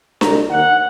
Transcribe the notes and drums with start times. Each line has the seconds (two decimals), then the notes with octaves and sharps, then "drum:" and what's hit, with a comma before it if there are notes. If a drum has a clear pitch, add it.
0.21 C2 A#2 A3 A#5, drum: snare D4
0.50 D#2 D#3 A#3 F#5